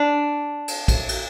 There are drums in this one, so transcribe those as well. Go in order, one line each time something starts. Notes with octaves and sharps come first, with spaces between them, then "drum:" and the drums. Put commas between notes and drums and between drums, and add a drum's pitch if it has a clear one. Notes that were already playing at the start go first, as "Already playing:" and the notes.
Already playing: D4
drum: cymbal
drum: kick, cymbal
drum: cymbal